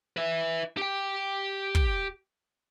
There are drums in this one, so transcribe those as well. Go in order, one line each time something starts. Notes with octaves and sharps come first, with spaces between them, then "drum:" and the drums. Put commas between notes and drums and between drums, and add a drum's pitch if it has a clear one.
B4 E5
G4 G5
drum: kick